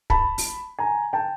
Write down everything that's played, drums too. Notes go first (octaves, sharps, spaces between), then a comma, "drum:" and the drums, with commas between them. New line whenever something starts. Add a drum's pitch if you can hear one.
A5 B5, drum: kick
drum: open hi-hat
G#5 A#5
G5 A5